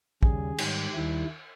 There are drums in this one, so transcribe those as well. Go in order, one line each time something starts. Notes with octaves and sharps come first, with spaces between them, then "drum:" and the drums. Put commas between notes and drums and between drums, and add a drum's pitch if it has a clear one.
D#2 C#3 G3 G#4, drum: kick
G#2 D#3 G3 G4, drum: cymbal
D#2 D#3 G3 E4